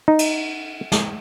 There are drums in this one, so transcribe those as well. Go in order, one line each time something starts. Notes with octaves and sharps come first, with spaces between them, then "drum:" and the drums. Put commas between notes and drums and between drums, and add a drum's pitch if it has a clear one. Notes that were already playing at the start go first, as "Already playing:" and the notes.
D#4
drum: cymbal
drum: snare